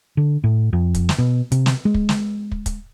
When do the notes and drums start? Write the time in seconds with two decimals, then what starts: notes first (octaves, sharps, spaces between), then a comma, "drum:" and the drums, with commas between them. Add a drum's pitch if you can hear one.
0.17 D3
0.44 A2
0.73 F2
0.95 drum: kick, hi-hat
1.09 drum: snare
1.18 B2
1.52 C3, drum: hi-hat
1.66 drum: snare
1.85 G#3
1.94 drum: kick
2.09 drum: snare
2.52 drum: kick
2.66 drum: kick, hi-hat